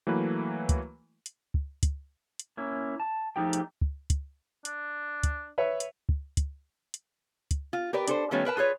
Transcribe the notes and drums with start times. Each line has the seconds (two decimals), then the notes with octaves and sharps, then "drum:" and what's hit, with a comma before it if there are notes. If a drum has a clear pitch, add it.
0.07 E3 F#3 A3 A#3 B4
0.69 drum: kick, hi-hat
1.26 drum: hi-hat
1.54 drum: kick
1.83 drum: kick, hi-hat
2.39 drum: hi-hat
2.57 A#3 C#4 E4
3.00 A5
3.36 F3 A3 D#4 G4 G#4 G5
3.53 drum: hi-hat
3.81 drum: kick
4.10 drum: kick, hi-hat
4.65 D4, drum: hi-hat
5.23 drum: kick, hi-hat
5.58 B4 C#5 E5
5.80 drum: hi-hat
6.09 drum: kick
6.37 drum: kick, hi-hat
6.94 drum: hi-hat
7.51 drum: kick, hi-hat
7.73 F4
7.93 G4 A#4 B4 D5
8.08 D4 A4 C5, drum: hi-hat
8.31 D#3 G3 A3 B3 C#4 F4
8.45 A#4 B4 E5 A5
8.57 F4 G#4 B4 C#5